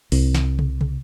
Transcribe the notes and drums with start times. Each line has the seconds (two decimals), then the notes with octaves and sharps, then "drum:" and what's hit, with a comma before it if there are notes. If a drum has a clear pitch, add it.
0.12 C2, drum: open hi-hat
0.35 drum: snare
0.59 drum: tom
0.81 drum: tom